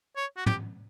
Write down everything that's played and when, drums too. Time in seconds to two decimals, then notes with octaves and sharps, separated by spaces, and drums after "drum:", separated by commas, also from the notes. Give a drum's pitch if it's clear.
0.17 C#5
0.37 F#4
0.46 G4, drum: tom